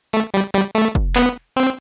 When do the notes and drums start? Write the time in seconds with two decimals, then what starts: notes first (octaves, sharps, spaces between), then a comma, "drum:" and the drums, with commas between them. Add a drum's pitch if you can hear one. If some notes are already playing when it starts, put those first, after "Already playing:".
0.13 A3
0.34 G3
0.54 G3
0.75 A3
0.95 drum: kick
1.16 B3, drum: clap
1.56 C4